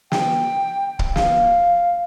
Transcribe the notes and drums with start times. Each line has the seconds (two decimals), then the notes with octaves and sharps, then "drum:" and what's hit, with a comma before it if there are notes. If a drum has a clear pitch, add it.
0.12 G5, drum: snare
0.99 drum: kick
1.16 F5, drum: snare